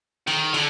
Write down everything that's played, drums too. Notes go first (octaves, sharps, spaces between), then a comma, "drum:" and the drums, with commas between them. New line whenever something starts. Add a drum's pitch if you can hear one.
D#3, drum: cymbal
D3, drum: cymbal